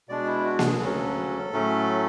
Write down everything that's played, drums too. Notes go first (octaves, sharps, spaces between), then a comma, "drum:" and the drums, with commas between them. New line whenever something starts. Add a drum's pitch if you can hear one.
B2 G#3 D4 D5
E4
F#4
A4, drum: snare A#3
G#4
D2 C#3 F#3 C#4 A4
A2 F#3 A3 C#4